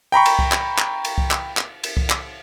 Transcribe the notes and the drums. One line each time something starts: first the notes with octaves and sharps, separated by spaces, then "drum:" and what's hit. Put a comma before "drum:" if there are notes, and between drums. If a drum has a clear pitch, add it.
G5 A#5 B5 C#6
drum: cymbal
drum: kick C2
drum: clap
drum: clap
drum: cymbal
drum: kick C2
drum: clap
drum: clap
drum: cymbal
drum: kick C2
drum: clap